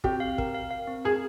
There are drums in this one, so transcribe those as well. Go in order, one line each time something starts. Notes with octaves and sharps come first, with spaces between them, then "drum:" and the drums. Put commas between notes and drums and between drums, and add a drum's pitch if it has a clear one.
C4 G4, drum: kick
F5
A#4, drum: kick
F5
F5
C4
G#4 A#4